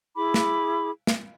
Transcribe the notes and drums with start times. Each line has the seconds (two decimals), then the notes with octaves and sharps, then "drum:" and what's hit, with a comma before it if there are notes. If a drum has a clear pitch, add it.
0.16 E4 G#4 B5 D6
0.34 drum: snare
1.07 drum: snare